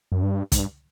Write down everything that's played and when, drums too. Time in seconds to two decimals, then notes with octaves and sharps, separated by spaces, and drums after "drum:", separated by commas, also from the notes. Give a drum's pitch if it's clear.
0.12 F#2
0.23 G2
0.52 G#2, drum: kick, hi-hat
0.59 G2